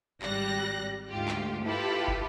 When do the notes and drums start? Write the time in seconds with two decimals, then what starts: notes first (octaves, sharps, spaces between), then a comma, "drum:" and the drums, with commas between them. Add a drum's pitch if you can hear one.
0.22 G#1 G3 F#6 A#6, drum: clap
1.09 D2 G#2 F4 G4
1.28 drum: clap
1.63 E4 F4 G4 A4 B4
2.08 drum: kick